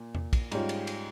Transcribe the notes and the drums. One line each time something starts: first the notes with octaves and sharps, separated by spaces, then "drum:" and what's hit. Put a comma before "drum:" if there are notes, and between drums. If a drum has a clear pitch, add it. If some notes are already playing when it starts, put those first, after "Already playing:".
Already playing: A#2
drum: tom E2
drum: kick, cymbal
G#2 G3 C#4 F4, drum: cymbal
drum: cymbal
drum: cymbal